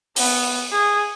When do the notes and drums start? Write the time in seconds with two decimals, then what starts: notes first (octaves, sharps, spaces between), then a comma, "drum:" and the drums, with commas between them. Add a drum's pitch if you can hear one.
0.16 B3, drum: open hi-hat
0.72 G#4